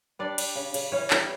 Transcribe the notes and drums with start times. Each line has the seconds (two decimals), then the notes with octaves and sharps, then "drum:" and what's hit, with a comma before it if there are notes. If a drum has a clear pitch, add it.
0.19 G3 D4 D5
0.38 G3, drum: cymbal
0.56 C#3
0.74 C#3, drum: cymbal
0.92 E3 C#4 C#5
1.10 G3, drum: clap